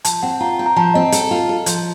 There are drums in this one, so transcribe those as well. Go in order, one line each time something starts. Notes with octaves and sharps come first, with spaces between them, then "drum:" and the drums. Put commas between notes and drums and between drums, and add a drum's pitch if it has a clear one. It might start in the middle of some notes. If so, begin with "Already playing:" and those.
F3 A5, drum: hi-hat
C4 F#5
F4 A#5
C4
A#5
F3 A5
C4 D#5
A4, drum: hi-hat
F4
A4
F3, drum: hi-hat